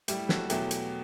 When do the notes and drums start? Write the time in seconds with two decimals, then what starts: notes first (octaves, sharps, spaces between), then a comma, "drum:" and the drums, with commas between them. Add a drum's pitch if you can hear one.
0.08 A2 G3 E4 G4, drum: hi-hat
0.29 F#4 A4, drum: snare
0.50 E2 B2 F#3 A3 E4 G4, drum: hi-hat
0.71 drum: hi-hat